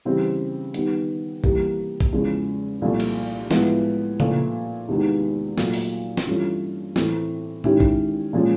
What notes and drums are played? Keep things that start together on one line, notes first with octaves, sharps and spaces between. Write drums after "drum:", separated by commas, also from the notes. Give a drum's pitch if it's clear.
C#3 E3 G3 C4
D#3 G3 B3, drum: hi-hat
C3 E3 G3 A#3, drum: kick
drum: kick
E2 C#3 F3 G#3 C#4
C2 A#2 F3 A3
drum: cymbal
A2 F3 G#3 B3 E4, drum: snare
A#2 F3 A3, drum: tom C#3
E2 C3 D#3 G#3 B3
A#2 F#3 A3, drum: snare
drum: open hi-hat
drum: snare
G2 E3 A3 C#4 F4
A2 E3 A3 C4, drum: snare
D#3 G#3 C#4 E4 G4, drum: tom A2
drum: kick
A#2 F3 G#3 C#4